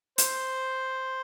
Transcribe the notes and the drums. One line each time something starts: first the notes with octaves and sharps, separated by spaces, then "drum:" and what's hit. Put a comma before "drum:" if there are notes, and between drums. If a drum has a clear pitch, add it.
C5, drum: hi-hat